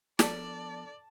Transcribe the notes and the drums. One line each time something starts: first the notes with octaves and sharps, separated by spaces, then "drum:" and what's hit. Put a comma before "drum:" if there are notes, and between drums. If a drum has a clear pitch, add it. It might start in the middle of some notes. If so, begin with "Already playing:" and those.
F3 B3 D4 A4 A#4 D5 A5, drum: snare